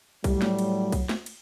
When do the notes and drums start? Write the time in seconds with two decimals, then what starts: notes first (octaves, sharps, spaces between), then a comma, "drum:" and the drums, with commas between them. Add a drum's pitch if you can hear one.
0.24 A2 F#3 G3, drum: kick B1, cymbal
0.42 drum: snare
0.59 drum: cymbal
0.92 drum: kick B1, cymbal
1.09 drum: snare
1.26 drum: cymbal